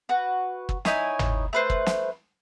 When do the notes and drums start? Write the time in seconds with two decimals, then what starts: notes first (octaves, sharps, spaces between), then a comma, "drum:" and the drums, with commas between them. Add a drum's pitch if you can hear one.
0.09 F#4 B4
0.69 drum: kick
0.85 D#4 E4 C#5 G#5, drum: snare
1.19 drum: tom
1.53 A3 B4 C5
1.70 drum: kick
1.86 drum: snare